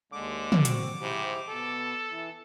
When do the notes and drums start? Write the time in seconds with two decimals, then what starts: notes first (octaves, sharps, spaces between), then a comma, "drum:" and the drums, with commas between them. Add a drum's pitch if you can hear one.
0.12 D#2 D3 G#3 D6
0.52 drum: tom
0.65 C4 F#4, drum: hi-hat
1.01 G#2 E4 G4 C5
1.49 B2 A4
2.08 E3